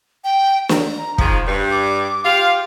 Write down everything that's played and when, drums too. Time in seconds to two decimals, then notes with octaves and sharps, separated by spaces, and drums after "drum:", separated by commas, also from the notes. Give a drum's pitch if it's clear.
0.24 G5
0.69 A#5, drum: snare
1.18 G#2 D#3 F3, drum: kick
1.47 G2
1.71 D6
2.25 F4 G4 F5